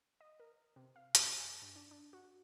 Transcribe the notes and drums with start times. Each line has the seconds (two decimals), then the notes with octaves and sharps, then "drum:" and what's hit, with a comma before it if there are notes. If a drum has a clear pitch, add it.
0.21 D#5
0.40 A#4
0.76 C3
0.96 F5
1.15 F#2, drum: hi-hat
1.36 G#5
1.62 G2
1.76 D4
1.91 D4
2.13 F#4